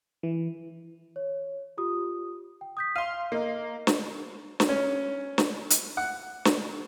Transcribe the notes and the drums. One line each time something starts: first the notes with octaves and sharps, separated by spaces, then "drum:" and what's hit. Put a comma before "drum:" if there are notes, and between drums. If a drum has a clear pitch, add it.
E3
C#5
F4 G4 D#6
G5
D#6 G6 B6
F5 C6 D#7
A#3 A#4 D#5
drum: snare
drum: snare
C#4
drum: snare
drum: hi-hat
F#5
drum: snare